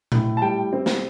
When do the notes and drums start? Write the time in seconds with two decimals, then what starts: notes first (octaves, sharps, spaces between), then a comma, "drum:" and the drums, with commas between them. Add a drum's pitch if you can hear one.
0.12 A2, drum: tom A#2
0.37 A5
0.42 G3 G5
0.73 C4
0.86 drum: snare